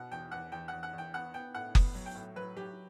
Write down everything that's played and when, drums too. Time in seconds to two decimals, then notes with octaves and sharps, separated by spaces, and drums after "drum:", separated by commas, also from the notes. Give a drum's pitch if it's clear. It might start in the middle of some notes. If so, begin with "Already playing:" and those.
Already playing: B2 F#5
0.11 E2 G5
0.31 E2 F#5
0.52 E2 G5
0.68 E2 F#5
0.83 F#5
0.93 E2
0.98 G5
1.14 B3 F#5
1.34 B3 G5
1.54 A2 F#5
1.75 B3, drum: kick F#1
1.95 F#3
2.06 G5
2.15 A2
2.36 F#3 B4
2.56 F#3 G4